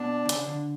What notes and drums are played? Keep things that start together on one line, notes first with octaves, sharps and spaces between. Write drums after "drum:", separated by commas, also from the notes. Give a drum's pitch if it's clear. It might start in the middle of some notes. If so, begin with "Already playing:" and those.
Already playing: B2 D4
D3
C#3, drum: hi-hat
D3